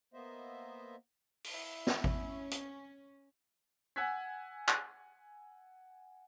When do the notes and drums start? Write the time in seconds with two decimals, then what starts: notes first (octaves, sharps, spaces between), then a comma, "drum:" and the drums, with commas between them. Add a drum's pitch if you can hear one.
0.14 A#3 B3 C5 D#5 E5
1.44 drum: open hi-hat
1.54 E4
1.87 drum: snare
2.04 C#4, drum: kick G#1
2.51 drum: hi-hat
3.96 F#5 G#5 E6 F#6 G#6 B6
4.68 drum: clap